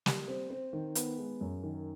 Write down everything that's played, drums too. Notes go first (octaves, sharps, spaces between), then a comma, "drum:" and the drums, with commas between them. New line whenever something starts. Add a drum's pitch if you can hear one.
G3, drum: snare
C4
C4
D#3
B3, drum: hi-hat
G#3
F#2
D#3